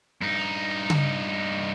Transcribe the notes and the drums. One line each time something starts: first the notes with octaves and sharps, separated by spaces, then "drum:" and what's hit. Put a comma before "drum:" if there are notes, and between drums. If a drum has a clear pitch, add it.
G2 D#4
drum: tom C#3